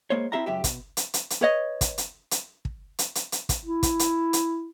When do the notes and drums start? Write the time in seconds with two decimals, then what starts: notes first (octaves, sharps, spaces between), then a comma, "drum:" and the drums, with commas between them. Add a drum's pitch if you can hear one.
0.10 G#3 A#3 C5 C#5
0.32 C4 E4 G4 E5 F5 A#5
0.46 C#2 F#2 G4 E5
0.64 B2, drum: kick, hi-hat
0.97 drum: hi-hat
1.14 drum: hi-hat
1.30 drum: hi-hat
1.41 B4 C#5 D#5
1.81 drum: kick, hi-hat
1.98 drum: hi-hat
2.31 drum: hi-hat
2.65 drum: kick
2.99 drum: hi-hat
3.15 drum: hi-hat
3.32 drum: hi-hat
3.49 drum: kick, hi-hat
3.65 E4
3.83 drum: kick, hi-hat
3.99 drum: hi-hat
4.33 drum: hi-hat